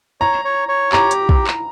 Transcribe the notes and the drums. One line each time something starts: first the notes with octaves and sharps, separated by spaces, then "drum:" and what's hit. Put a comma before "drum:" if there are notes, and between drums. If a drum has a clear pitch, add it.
C#5 A#5
C#5
C#5
G4 A#5, drum: clap
drum: hi-hat
drum: kick
drum: clap